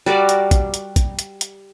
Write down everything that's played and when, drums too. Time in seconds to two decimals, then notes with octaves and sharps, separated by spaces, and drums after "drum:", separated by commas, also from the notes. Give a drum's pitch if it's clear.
0.06 G3 F#4 A#4 D5
0.29 drum: hi-hat
0.51 drum: kick, hi-hat
0.74 drum: hi-hat
0.96 drum: kick, hi-hat
1.19 drum: hi-hat
1.41 drum: hi-hat